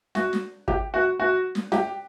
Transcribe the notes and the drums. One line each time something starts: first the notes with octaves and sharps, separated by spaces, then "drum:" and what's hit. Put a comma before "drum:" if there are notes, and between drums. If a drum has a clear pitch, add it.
F#4, drum: snare
drum: snare
G4, drum: kick
F#4
F#4
drum: snare
G4, drum: snare